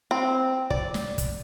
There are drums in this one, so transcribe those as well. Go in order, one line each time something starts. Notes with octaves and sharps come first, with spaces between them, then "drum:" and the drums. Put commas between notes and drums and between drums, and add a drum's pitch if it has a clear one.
C4
D5, drum: kick
drum: snare
drum: kick, hi-hat